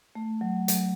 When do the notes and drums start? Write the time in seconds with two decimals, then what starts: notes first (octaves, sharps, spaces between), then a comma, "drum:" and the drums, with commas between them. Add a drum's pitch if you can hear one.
0.15 A3
0.41 F#3
0.68 F#3, drum: hi-hat